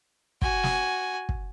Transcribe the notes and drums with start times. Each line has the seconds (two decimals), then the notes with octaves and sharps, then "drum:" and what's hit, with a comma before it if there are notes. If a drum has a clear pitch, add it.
0.42 F#4 G#5, drum: kick
0.63 drum: snare
1.29 drum: kick